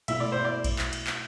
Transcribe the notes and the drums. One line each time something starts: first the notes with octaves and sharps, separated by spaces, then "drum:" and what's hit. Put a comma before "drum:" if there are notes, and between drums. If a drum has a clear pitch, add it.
B2 A3 E4 E5, drum: cymbal
D5
C5
D5
drum: kick A#1, cymbal
drum: clap
drum: cymbal
drum: clap